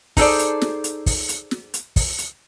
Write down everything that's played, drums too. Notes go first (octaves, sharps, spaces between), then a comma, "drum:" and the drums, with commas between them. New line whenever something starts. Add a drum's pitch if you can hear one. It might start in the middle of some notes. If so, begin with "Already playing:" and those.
D#4 G#4 A4 C5 D5, drum: kick, open hi-hat
drum: hi-hat
drum: snare
drum: hi-hat
drum: kick, open hi-hat
drum: hi-hat
drum: snare
drum: hi-hat
drum: kick, open hi-hat
drum: hi-hat